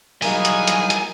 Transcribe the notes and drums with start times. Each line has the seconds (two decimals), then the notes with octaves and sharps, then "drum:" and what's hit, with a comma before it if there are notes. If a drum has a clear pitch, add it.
0.22 F#3 G3 A#3 D#4 E4 G#4 G#5, drum: open hi-hat
0.45 drum: hi-hat
0.67 drum: hi-hat
0.90 drum: hi-hat